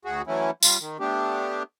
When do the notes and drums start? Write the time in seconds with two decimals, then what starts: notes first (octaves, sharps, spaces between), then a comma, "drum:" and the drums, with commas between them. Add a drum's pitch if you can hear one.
0.05 D2 F#4 G#4
0.27 E3 F#3 A3 C#4 E4
0.63 G3 F4, drum: tambourine
0.80 D#3
1.00 A3 B3 D4 G4